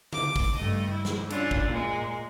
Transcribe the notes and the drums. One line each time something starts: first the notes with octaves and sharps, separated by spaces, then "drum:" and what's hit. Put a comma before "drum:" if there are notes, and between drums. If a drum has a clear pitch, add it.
D6, drum: tom C#3
drum: kick, open hi-hat
G2 A3 D#5
E4
drum: snare
C#4 D4 E4 F4, drum: hi-hat
drum: kick
A#2 G#3